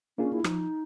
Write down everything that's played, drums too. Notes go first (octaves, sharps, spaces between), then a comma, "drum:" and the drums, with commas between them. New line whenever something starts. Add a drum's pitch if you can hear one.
A#3 C#4 D4 F4 G#4
E4
F3 D#4, drum: rim click